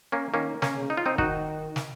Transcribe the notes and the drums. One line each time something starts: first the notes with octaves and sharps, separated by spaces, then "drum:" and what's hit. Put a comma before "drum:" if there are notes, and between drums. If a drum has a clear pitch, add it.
A#3 C#4
D#3 A#3 C#4
A#3 C#4, drum: snare
C#3
D#4
F4
C4 D#4
D#3 D#4 F#4, drum: kick
drum: snare